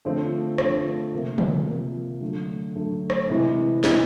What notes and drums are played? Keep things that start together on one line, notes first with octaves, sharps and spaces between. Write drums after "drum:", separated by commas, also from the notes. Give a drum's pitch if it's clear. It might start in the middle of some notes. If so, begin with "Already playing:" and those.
D3 F3 A3 C4
D3 F3 A3 C4, drum: rim click
C3 F3 A#3
drum: tom
C3 F3 A#3
D3 F#3 A3
D3 F#3 A3
drum: rim click
C3 E3 G#3 C4 E4
C3 E3 G#3 C4 E4, drum: snare